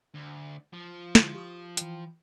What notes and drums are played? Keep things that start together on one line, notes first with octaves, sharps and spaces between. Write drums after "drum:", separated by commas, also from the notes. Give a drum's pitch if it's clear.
D2
F3
D3 G#3 E4, drum: snare
G4 C#6 D#6
E3 G5, drum: hi-hat